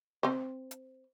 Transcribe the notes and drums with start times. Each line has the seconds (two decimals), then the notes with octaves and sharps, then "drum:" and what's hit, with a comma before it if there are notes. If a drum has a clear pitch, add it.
0.23 C4 C5, drum: snare
0.71 drum: hi-hat